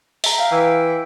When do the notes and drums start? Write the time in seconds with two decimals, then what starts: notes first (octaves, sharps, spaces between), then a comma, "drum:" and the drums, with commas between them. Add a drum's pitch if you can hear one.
0.24 E5 A#5, drum: open hi-hat
0.38 F5 G5
0.52 E3 G5